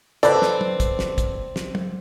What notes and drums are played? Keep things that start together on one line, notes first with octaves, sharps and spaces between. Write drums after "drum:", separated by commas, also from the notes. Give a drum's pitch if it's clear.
C4 A4 B4 D5 A5, drum: hi-hat
drum: snare
drum: tom
drum: kick, hi-hat
drum: snare
drum: kick, hi-hat
drum: snare
drum: tom